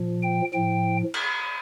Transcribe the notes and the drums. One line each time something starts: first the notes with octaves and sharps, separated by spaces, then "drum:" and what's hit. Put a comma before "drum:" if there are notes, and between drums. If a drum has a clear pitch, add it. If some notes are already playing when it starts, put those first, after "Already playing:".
Already playing: A#2 F3
G5
A2 F3 G5
drum: cymbal